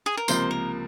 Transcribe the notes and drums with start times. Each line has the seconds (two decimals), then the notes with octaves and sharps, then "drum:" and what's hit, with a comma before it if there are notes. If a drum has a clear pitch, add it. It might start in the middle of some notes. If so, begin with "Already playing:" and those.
0.06 G#4
0.17 A#4
0.28 C#2 C3 F3 A#3 C5, drum: tambourine
0.51 A#4